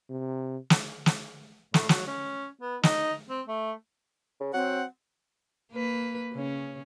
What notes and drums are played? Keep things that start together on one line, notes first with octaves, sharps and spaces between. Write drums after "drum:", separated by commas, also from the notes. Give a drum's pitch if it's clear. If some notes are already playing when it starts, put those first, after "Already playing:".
C3
drum: snare
drum: snare
A2, drum: snare
F#3, drum: snare
C#4
B3
D#4, drum: snare
C4
A3
C#3
F#3 C4 F#5
A#3 B4
C#3 C#4